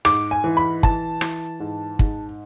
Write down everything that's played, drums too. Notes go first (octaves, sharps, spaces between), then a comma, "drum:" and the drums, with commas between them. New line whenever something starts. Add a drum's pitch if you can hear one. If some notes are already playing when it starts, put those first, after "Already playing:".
G#2 D6, drum: rim click
G#5
E3
B5
E3 A5, drum: kick
E3, drum: rim click
G#2
G#2, drum: kick